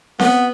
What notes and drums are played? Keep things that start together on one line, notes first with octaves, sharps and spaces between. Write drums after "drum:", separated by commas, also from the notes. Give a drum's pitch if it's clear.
B3, drum: snare C4